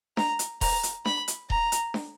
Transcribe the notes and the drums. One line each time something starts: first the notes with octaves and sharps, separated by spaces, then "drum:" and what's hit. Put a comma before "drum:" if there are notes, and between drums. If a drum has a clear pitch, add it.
A#5, drum: snare D4
drum: hi-hat
A#5, drum: kick D#1, open hi-hat
drum: hi-hat
B5, drum: snare D4
drum: hi-hat
A#5, drum: kick D#1
drum: hi-hat
drum: snare D4